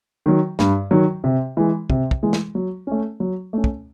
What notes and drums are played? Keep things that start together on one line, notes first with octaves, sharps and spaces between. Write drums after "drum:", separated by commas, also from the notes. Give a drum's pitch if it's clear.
D#3 F#3
G2, drum: snare
D#3 F#3
C3
E3 G#3
C3, drum: kick
drum: kick
E3 G#3
drum: snare
F#3
A3 C#4
F#3
A3 C#4
drum: kick